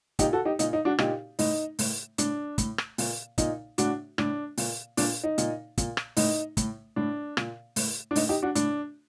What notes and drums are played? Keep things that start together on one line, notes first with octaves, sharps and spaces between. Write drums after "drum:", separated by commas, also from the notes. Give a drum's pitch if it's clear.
A#2 D#4 G4, drum: kick, hi-hat
F#4 A4
D#4 G4
A#2 D#4, drum: hi-hat
D#4
D4 F#4
A#2 D#4 G4, drum: rim click
A2 D#4, drum: open hi-hat
A2, drum: open hi-hat
A2 D4, drum: hi-hat
A2, drum: kick, hi-hat
drum: rim click
A#2, drum: open hi-hat
A#2 D#4, drum: kick, hi-hat
A2 D4 F#4, drum: hi-hat
A2 D4, drum: rim click
A#2, drum: open hi-hat
A#2 D4, drum: open hi-hat
D#4
A#2, drum: hi-hat
A#2, drum: kick, hi-hat
drum: rim click
A2 D#4, drum: open hi-hat
A2, drum: kick, hi-hat
A2 D4
A#2, drum: rim click
A2, drum: open hi-hat
D4
A2 D#4, drum: open hi-hat
D#4 G4
D4 F#4
A2 D4, drum: hi-hat